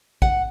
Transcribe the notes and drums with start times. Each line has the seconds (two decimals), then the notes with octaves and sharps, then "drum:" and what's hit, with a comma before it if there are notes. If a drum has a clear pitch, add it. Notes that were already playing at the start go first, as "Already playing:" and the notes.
0.22 F#5, drum: kick